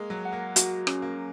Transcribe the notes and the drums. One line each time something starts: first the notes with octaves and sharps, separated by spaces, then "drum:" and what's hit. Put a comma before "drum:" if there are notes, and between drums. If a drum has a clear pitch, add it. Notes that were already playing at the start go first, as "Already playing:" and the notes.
Already playing: G#3 A#3 G#4
F#3
F#5
A#3
A#3 F#4, drum: hi-hat
C#4, drum: rim click
A#3